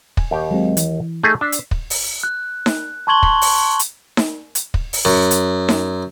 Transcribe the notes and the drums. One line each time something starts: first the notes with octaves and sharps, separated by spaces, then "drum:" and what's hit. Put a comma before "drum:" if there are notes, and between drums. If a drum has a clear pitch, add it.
G#5, drum: kick
D#2 G4
F#3 G#3 C4
E3, drum: hi-hat
A3 D#4 G#4
D4 E6 B6 C7
drum: hi-hat
drum: kick
drum: open hi-hat
F#6
drum: snare D#4
A5 C6 C#6 G#6 F#7 G7
drum: kick
drum: open hi-hat
drum: hi-hat
drum: snare D#4
drum: hi-hat
drum: kick
drum: open hi-hat
F#2
drum: hi-hat
drum: snare D#4